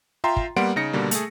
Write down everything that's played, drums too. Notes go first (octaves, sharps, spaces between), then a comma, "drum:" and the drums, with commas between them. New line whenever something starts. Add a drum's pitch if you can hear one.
F4 E5 G5 A#5 C6
drum: kick
G3 A#3 B3 F#5 C6 D7
C#3 D#4 A#6 C#7
B2 D3 G3 A#3
A3 G#4, drum: hi-hat